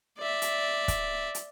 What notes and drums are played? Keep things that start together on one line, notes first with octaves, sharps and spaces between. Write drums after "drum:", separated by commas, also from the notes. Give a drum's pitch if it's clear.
D5 E5
drum: hi-hat
drum: kick, hi-hat
drum: hi-hat